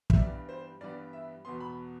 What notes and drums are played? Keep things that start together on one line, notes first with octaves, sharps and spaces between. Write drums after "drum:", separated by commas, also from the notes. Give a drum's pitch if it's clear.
E5, drum: kick
G2 E3 G3 B3 D5
C5
G2 E3 G3 B3 D5
E5
E2 B2 B3 C6
B5